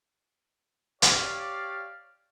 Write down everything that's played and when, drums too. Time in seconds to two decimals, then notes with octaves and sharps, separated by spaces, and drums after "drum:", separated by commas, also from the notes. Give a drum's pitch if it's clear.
1.02 G4 C#5 D5 F5, drum: hi-hat